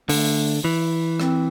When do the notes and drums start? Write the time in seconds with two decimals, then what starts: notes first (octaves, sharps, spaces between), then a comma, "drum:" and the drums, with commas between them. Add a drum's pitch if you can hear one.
0.09 D3 A3, drum: open hi-hat
0.65 E3
1.20 C4, drum: rim click